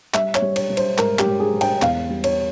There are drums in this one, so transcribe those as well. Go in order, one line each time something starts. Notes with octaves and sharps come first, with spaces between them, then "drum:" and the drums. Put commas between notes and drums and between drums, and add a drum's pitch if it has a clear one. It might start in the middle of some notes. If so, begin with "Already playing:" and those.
G3 E5, drum: clap
C#5, drum: clap
G3
C#5, drum: cymbal
G3
C5, drum: cymbal
G#2 A#4, drum: clap
G4, drum: clap
G#2
G#4
G#2
G5, drum: cymbal
E2 F5, drum: clap
G3
C#5, drum: cymbal